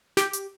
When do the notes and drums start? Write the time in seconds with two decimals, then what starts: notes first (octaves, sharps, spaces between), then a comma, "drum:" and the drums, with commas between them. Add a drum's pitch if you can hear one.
0.17 G4, drum: snare
0.33 drum: hi-hat